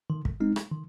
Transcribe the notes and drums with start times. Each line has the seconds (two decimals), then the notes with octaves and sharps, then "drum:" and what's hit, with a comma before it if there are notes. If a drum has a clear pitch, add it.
0.10 D#3
0.25 drum: kick
0.40 G#3 C4 D#4
0.56 drum: rim click
0.72 D#3